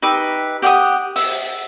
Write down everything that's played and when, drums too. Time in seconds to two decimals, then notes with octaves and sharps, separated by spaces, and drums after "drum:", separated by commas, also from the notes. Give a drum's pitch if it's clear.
0.02 D#4 G4 B4 E5
0.62 G4 F#5 G5 D#6
1.16 E5, drum: open hi-hat